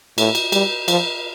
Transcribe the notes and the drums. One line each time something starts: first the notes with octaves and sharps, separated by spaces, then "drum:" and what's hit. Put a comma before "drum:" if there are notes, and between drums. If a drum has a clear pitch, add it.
A2, drum: cymbal
drum: cymbal
G3, drum: cymbal
F3, drum: cymbal